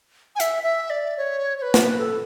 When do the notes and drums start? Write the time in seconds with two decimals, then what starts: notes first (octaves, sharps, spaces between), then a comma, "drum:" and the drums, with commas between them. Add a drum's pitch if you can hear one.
0.36 G#5
0.40 E5, drum: hi-hat
0.63 E5
0.90 D5
1.17 C#5
1.58 C#5
1.62 B4
1.74 drum: snare
1.99 A4